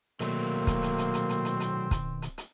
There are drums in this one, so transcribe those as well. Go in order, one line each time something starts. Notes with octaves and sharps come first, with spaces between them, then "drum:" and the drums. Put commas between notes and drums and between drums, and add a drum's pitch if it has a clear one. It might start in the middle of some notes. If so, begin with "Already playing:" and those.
B2 D#3 F#3 A3 A#3 C4, drum: hi-hat
drum: kick, hi-hat
drum: hi-hat
drum: hi-hat
drum: hi-hat
drum: hi-hat
drum: hi-hat
drum: hi-hat
drum: kick, hi-hat
drum: hi-hat
drum: hi-hat